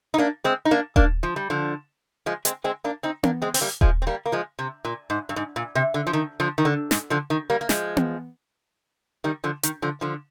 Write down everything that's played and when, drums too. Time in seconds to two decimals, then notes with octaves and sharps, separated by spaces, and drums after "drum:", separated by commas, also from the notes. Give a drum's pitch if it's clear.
0.14 D#4
0.18 A#3 D4
0.44 G#3 C4
0.65 D#4
0.71 A#3 D4
0.96 A#3 D4, drum: kick D#1
1.23 F3
1.36 G3
1.50 D3 F3
2.26 F3 G#3
2.45 G#3 C4, drum: hi-hat
2.64 G#3 C4
2.84 A#3 D4
3.03 C4 D#4
3.23 A#3 D4, drum: tom B3
3.42 G#3 C4
3.54 C4, drum: open hi-hat
3.61 G3 A#3
3.81 F3 G#3, drum: kick D#1
4.02 C4
4.07 G3 A#3
4.26 A#3
4.32 F3 G#3
4.59 C3
4.85 A#2
5.10 G#2
5.29 G2
5.36 G#2
5.56 A#2
5.75 C3
5.94 D3
6.07 F3
6.13 D#3
6.40 D3 F3
6.58 D#3
6.65 D3
6.91 G#2, drum: snare
7.10 D3 F3
7.30 D#3
7.50 G3 A#3
7.61 A#3
7.69 F3 G#3, drum: snare
7.97 drum: tom B3
9.24 D#3 G3
9.44 D3 F3
9.63 D#3, drum: hi-hat
9.82 D3 F3
10.01 D3 F3